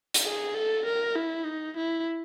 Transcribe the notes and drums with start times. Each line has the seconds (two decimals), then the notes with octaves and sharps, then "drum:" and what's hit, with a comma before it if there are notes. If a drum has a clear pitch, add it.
0.14 drum: hi-hat
0.25 G#4
0.54 A4
0.86 A#4
1.15 E4
1.46 D#4
1.77 E4